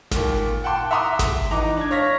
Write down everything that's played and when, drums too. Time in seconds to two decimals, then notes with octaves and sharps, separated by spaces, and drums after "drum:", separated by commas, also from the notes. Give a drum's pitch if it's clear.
0.11 D#2 A#2, drum: snare G#1
0.64 F#5 G5 A5 C6 D6
0.91 E5 F#5 A#5 C6 D6 D#6
1.19 drum: snare G#1
1.51 E3 D#4 A#5 D6
1.77 D4 G#6
1.91 C#5 F5 A#6 B6